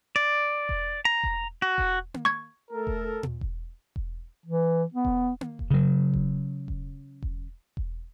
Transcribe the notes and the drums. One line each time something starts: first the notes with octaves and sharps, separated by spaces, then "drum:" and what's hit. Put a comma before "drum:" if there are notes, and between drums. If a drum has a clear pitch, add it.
D5
drum: kick E1
A#5
drum: kick E1
F#4
drum: kick E1
drum: tom A#3
C#6 G#6
A3 A4 A#4
drum: kick E1
drum: tom A#2
drum: kick E1
drum: kick E1
E3
B3
drum: kick E1
drum: tom A#3
drum: kick E1
C#3 F#3
drum: kick E1
drum: kick E1
drum: kick E1
drum: kick E1